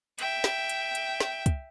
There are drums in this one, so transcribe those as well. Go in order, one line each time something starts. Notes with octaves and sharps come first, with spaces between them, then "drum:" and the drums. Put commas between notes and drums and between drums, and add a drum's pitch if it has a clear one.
E5 G5, drum: hi-hat
drum: snare
drum: hi-hat
drum: hi-hat
drum: snare
drum: kick, hi-hat